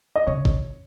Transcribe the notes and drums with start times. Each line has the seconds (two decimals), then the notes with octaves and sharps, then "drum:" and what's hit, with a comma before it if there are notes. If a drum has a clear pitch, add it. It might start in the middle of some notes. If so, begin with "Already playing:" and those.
0.16 D#5
0.27 C#3 C#5
0.45 drum: kick G#1